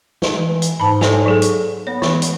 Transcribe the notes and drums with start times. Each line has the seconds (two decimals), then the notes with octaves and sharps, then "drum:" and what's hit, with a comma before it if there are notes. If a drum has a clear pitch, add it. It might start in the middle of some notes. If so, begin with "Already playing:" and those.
0.22 drum: snare
0.34 E3
0.62 drum: hi-hat
0.80 G#2 A5 B5
1.01 A4 C#5 G#5, drum: snare
1.26 F#3 G#4 A4
1.42 drum: hi-hat
1.87 B3 C#5
2.02 E3, drum: snare
2.22 drum: hi-hat